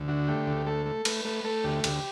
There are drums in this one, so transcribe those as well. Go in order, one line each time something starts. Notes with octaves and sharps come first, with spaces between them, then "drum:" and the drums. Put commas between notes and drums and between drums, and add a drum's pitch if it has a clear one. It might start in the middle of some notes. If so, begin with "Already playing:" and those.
Already playing: D2
D3 F#4
A3 G4
D2
A3 A4
A3
A3 B4, drum: cymbal
A3 B4
A3 A4
D2 G4
D2 G4, drum: cymbal